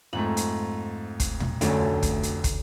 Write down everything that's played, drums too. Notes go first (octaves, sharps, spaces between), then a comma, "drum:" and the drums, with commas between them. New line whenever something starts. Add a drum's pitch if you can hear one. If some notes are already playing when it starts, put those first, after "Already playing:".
F2 G#2 A3 B5
drum: hi-hat
drum: kick, hi-hat
drum: tom
F1 D2 D3 F#3 C#4, drum: hi-hat
drum: kick, hi-hat
drum: hi-hat
drum: kick, hi-hat